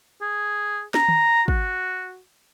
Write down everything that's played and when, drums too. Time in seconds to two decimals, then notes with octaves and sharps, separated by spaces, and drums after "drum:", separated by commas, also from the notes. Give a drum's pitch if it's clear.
0.21 G#4
0.94 A#5, drum: snare
1.08 drum: tom
1.48 F#4, drum: kick